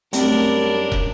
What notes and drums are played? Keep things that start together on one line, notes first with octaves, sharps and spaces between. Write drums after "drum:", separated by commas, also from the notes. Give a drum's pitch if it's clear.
F#2 G3 A3 C4 D4 A#4, drum: hi-hat
drum: kick